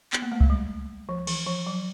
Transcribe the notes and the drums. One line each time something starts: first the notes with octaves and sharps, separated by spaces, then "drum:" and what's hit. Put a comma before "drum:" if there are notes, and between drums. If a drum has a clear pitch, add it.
B3, drum: clap
A#3
A3
G#3, drum: kick C2
G3
F3
E3, drum: cymbal
F3
F#3